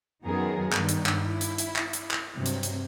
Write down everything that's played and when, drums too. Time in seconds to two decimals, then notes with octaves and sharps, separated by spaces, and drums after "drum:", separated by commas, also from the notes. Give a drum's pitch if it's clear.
0.24 F#2 D#3 F#3 B3 G#4 A#4
0.72 G2 D#3, drum: clap
0.89 drum: hi-hat
1.06 drum: clap
1.24 E4
1.41 drum: hi-hat
1.58 drum: hi-hat
1.76 drum: clap
1.93 drum: hi-hat
2.11 drum: clap
2.35 G2 C3 F#3
2.46 drum: hi-hat
2.63 drum: hi-hat